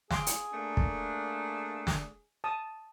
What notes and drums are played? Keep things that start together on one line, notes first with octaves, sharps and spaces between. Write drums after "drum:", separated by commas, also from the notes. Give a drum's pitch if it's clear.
G#4 F5 C6 D6, drum: snare
drum: hi-hat
A3 A#3 D4
drum: kick
drum: snare
A5 D#6